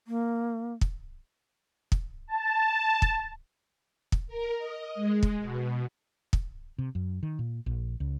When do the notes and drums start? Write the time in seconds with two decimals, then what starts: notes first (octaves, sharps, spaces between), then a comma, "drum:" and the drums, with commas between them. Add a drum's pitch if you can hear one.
0.07 A#3
0.81 drum: kick
1.92 drum: kick
2.28 A5
3.02 drum: kick
4.12 drum: kick
4.27 A#4
4.58 D#5
4.95 G#3
5.23 drum: kick
5.40 B2
6.33 drum: kick
6.78 C3
6.95 F#2
7.23 D#3
7.39 A#2
7.66 A#1
8.00 C#2